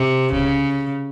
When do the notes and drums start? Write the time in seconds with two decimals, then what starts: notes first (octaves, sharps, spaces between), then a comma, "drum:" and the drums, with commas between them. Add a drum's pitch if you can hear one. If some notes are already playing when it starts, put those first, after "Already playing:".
Already playing: C3
0.32 C#3, drum: kick C#2